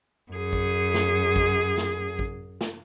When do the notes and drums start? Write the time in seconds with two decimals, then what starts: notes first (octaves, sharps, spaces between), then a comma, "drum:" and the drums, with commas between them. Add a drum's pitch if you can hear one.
0.32 F#2 G#4
0.53 drum: kick A1
0.94 drum: snare
1.36 drum: kick A1
1.77 drum: snare
2.19 drum: kick A1
2.61 drum: snare